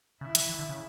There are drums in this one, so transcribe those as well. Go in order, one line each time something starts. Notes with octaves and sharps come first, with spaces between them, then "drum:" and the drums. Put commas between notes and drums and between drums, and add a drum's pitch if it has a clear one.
C#3 E4
E3, drum: hi-hat
E3
D3
C#3